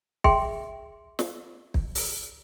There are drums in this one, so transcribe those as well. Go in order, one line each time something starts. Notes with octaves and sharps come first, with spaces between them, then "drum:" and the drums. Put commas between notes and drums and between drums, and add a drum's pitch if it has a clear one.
G#4 E5 G5 C6, drum: kick
drum: snare
drum: kick
drum: open hi-hat